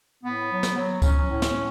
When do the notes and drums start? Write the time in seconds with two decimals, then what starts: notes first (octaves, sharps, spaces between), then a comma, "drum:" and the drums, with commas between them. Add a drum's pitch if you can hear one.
0.24 A2 B3
0.50 F#3
0.63 drum: snare
0.76 F#3
1.02 F#3 C#4, drum: kick C#2, tambourine
1.29 A2
1.42 drum: snare
1.55 A2